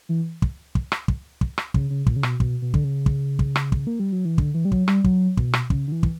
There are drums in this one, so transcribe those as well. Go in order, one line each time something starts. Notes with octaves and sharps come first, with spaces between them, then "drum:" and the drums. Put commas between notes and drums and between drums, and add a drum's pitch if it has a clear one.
E3
drum: kick
drum: kick
drum: rim click
drum: kick
drum: kick
drum: rim click
C#3, drum: kick
C#3
A#2, drum: kick
C#3
B2, drum: rim click
B2, drum: kick
B2
D3, drum: kick
C#3
drum: kick
drum: kick
drum: rim click
drum: kick
A#3
G3
F#3
E3
D3, drum: kick
E3
G3
F#3, drum: kick
G3, drum: rim click
F#3, drum: kick
B2, drum: kick
drum: rim click
C#3, drum: kick
D3
E3
drum: kick